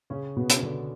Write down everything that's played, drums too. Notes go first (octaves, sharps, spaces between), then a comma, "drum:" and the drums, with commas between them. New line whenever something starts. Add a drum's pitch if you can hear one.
C#3 C#4
B2 B3
drum: hi-hat
D3 D4